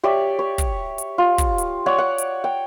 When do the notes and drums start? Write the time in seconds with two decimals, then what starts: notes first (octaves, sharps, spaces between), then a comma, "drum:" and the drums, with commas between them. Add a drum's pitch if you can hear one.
0.03 G4 C#5 D5 E5
0.39 C#5
0.58 drum: kick, hi-hat
0.98 drum: hi-hat
1.18 F4
1.38 drum: kick, hi-hat
1.58 drum: hi-hat
1.86 C#5 D5 F#5
1.98 F#5
2.18 drum: hi-hat
2.44 G5